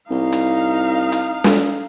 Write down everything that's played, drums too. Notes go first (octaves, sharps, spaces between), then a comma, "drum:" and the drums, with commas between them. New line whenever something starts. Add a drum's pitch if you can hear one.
C2 D#4 F5
drum: hi-hat
drum: hi-hat
drum: snare